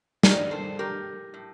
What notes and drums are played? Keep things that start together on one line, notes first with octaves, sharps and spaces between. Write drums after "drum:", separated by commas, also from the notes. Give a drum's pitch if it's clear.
G2 D#3 A#4 D5, drum: snare
A4 C5
G4 A#4
A2